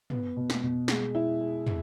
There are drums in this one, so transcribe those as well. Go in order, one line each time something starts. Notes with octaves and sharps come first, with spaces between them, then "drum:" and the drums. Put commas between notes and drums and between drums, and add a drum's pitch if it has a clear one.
B3, drum: tom
B2
drum: snare
B2
G#3, drum: snare
E4
G#3
drum: tom